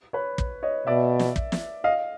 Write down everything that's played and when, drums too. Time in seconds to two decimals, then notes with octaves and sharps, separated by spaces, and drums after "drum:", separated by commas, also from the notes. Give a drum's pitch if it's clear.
0.13 B4 C#5
0.38 drum: kick
0.63 C#5 D#5
0.87 B2 D5 E5
1.19 drum: snare
1.36 drum: kick
1.52 drum: snare
1.84 D#5 F5